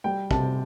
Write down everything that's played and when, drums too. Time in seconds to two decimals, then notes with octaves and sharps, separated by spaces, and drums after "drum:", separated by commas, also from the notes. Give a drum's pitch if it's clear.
0.04 G3 G5
0.31 C3 A5, drum: kick